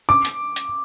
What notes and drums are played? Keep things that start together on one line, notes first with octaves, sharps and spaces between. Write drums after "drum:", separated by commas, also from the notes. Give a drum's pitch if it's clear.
D6
drum: hi-hat
drum: hi-hat